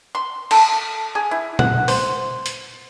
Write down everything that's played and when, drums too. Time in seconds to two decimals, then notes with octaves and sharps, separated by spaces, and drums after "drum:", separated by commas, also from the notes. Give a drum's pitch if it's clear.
0.15 C6
0.51 A4, drum: cymbal
1.15 G#4
1.31 E4
1.59 F#5, drum: tom A#2
1.88 C5, drum: open hi-hat
2.46 drum: hi-hat